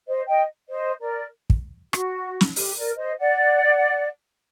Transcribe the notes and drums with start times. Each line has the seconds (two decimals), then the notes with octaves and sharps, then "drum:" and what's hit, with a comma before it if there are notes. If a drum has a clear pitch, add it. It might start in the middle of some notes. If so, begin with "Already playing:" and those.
0.06 C5 D#5
0.26 D#5 G5
0.68 C5 D#5
1.00 A#4 D5
1.50 drum: kick
1.93 F#4, drum: rim click
2.41 drum: snare
2.56 G4, drum: open hi-hat
2.76 A#4 D5
2.97 C5 D#5
3.17 D5 F#5